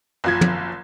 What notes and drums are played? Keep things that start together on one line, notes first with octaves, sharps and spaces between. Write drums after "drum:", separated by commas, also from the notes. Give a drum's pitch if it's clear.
F#1 F3 G#6
drum: tom